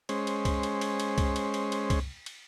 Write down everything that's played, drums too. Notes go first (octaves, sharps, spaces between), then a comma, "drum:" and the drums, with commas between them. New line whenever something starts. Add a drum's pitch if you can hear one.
G#3 C#4 C5, drum: cymbal
drum: cymbal
drum: kick C2, cymbal
drum: cymbal
drum: cymbal
drum: cymbal
drum: kick C2, cymbal
drum: cymbal
drum: cymbal
drum: cymbal
drum: kick C2, cymbal
drum: cymbal